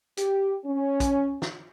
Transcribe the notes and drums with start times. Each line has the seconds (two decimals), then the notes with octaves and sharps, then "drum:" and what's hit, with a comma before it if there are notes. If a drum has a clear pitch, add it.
0.17 G4, drum: hi-hat
0.66 C#4
1.00 drum: kick, hi-hat
1.42 drum: snare